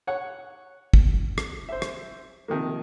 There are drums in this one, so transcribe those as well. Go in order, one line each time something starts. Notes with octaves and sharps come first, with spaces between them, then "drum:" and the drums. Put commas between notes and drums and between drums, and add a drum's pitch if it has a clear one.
C#5 F#5
drum: kick
drum: rim click
C5 E5
drum: rim click
C3 D#3 F3 A#3